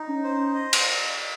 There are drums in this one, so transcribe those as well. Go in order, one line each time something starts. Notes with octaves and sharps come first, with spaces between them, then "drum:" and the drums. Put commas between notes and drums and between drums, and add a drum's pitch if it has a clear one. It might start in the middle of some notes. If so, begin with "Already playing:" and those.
Already playing: D#4
C#4
C5
D#5
drum: cymbal